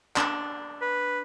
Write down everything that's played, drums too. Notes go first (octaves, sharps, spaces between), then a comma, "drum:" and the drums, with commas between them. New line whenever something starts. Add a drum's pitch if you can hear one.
D4, drum: clap
B4